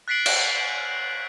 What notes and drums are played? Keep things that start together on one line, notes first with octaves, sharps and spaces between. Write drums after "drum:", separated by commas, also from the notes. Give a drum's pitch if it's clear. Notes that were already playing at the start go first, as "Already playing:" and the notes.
F#6 A6 B6 C7 D7 F#7
drum: cymbal